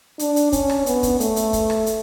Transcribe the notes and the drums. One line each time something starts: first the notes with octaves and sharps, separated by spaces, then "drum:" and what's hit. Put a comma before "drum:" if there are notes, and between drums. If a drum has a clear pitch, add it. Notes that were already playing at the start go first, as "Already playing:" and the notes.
D4, drum: hi-hat
drum: hi-hat
C#4, drum: kick, hi-hat
drum: rim click
B3, drum: hi-hat
drum: kick, hi-hat
A3, drum: hi-hat
drum: hi-hat
drum: kick, hi-hat
drum: rim click
drum: hi-hat